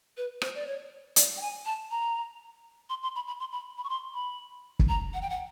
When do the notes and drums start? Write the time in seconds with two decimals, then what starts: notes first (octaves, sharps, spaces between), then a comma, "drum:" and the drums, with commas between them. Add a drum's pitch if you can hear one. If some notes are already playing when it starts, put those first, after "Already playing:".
0.17 B4
0.42 C5, drum: rim click
0.55 D5
0.67 C#5
1.16 D5, drum: hi-hat
1.37 G5
1.41 G#5
1.66 A5
1.91 A#5
2.89 C6
3.03 C6
3.16 B5
3.27 B5
3.40 C6
3.52 B5
3.78 B5
3.84 C#6
3.89 C6
4.14 B5
4.79 drum: kick
4.89 A#5
5.14 F#5
5.22 G5
5.30 F#5